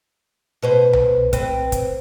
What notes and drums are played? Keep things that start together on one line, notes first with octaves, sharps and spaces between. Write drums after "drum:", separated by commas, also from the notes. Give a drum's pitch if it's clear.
B2 B4 C5
drum: tom C2
C4 B4, drum: kick, hi-hat
drum: kick, hi-hat